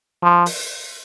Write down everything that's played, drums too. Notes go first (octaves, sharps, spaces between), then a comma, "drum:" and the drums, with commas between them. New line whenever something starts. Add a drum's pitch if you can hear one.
F3
drum: open hi-hat